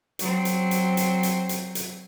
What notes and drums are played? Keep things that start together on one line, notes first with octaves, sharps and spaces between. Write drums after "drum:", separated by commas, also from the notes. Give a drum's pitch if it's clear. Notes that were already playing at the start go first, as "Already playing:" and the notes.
F#3 C4, drum: hi-hat
drum: hi-hat
drum: hi-hat
drum: hi-hat
drum: hi-hat
drum: hi-hat
drum: hi-hat